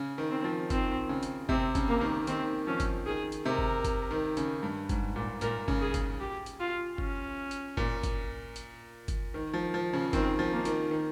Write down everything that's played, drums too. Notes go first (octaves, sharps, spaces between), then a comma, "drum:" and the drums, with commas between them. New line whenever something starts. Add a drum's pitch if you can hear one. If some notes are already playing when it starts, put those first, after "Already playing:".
Already playing: C#3
D#3
C4
F3
D#3 C4, drum: kick, hi-hat
C#3
drum: hi-hat
C3 C4, drum: kick
C#3, drum: kick, hi-hat
A#3
D#3
D#3 C4, drum: hi-hat
F3 C#4
drum: kick, hi-hat
D#3 G#4
drum: hi-hat
C3 A#4
drum: kick
drum: kick, hi-hat
D#3
C#3, drum: hi-hat
G2
G#2, drum: kick, hi-hat
A#2
A#2 A#4, drum: hi-hat
C#3, drum: kick
G#4
drum: kick, hi-hat
G4
drum: hi-hat
F4
C#4, drum: kick
drum: hi-hat
A#2, drum: kick
drum: kick, hi-hat
drum: hi-hat
drum: kick, hi-hat
D#3
F3
F3
C#3
D#3 C4, drum: kick, hi-hat
F3
A#3
D#3, drum: hi-hat
D#3